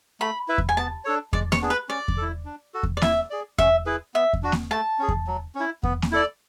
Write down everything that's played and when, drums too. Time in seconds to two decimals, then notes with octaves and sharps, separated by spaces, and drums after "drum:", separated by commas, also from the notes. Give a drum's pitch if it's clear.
0.20 A3 B5
0.48 E4 B4 E5
0.58 drum: kick E2
0.69 G#5
0.77 B3 A5
1.05 D4 A4 C#5
1.33 G#3 D5, drum: kick E2
1.52 C#5, drum: snare A#3
1.61 B3 D4 G#4
1.70 B4
1.89 C#4 D5
2.08 drum: kick E2
2.17 E4 A4
2.45 D4
2.74 F#4 A4
2.83 drum: kick E2
2.97 D5
3.02 E4 E5, drum: snare A#3
3.30 G#4 D5
3.58 C#4 E5, drum: kick E2
3.86 E4 G#4 B4
4.14 B3 E5
4.33 drum: kick E2
4.43 D4 F#4
4.52 drum: snare A#3
4.71 A3 A5
4.99 C#4 G#4
5.08 drum: kick E2
5.27 F#3
5.55 C#4 E4
5.83 B3, drum: kick E2
6.02 drum: snare A#3
6.11 E4 A4 D5